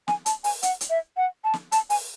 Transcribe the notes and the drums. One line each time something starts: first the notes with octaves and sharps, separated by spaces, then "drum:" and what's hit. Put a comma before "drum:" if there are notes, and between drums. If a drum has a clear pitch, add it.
G#5, drum: snare
A5, drum: hi-hat
G#5, drum: open hi-hat
F#5, drum: hi-hat
drum: hi-hat
E5
F#5
A5
drum: snare
A5, drum: hi-hat
G#5, drum: open hi-hat